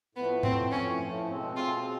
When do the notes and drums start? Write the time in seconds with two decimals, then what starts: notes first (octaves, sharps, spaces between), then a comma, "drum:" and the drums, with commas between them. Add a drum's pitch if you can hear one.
0.15 A2 F3 A3 B3
0.43 A2 F3 A3 C4, drum: tom G#2
0.71 A2 F3 A3 C#4
1.00 A2 F3 A3
1.27 B2 G#3 C4
1.56 B2 G#3 C4 F4
1.83 B2 G#3 C4